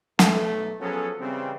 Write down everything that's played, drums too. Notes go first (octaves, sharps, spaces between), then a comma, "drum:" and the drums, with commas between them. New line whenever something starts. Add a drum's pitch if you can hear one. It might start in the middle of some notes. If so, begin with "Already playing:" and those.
B1 A3, drum: snare
F3 F#3 B3 C#4 G#4 A4
C#3 E3 G3 C4